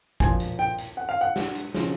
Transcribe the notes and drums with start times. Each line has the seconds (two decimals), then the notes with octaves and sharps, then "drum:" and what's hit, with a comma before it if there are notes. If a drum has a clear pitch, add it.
0.20 A#2 F3 G#5, drum: kick G#1
0.40 drum: hi-hat
0.59 G5
0.78 drum: hi-hat
0.97 F#5
1.09 F5
1.21 F#5
1.36 drum: snare
1.55 drum: hi-hat
1.74 C#3 F3, drum: snare